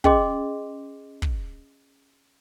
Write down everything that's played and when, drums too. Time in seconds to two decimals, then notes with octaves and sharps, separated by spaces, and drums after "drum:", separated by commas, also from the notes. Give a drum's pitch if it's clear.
0.04 C#4 G#4 D#5 C6 D6, drum: kick
1.22 drum: kick